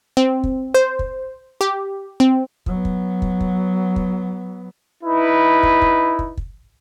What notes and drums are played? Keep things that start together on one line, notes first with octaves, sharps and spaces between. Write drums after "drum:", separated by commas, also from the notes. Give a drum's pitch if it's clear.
C4
drum: kick
C5
drum: kick
G4
C4
F#3 B3, drum: kick
drum: kick
drum: kick
drum: kick
drum: kick
D#4 E4 B4
drum: kick
drum: kick
drum: kick
drum: kick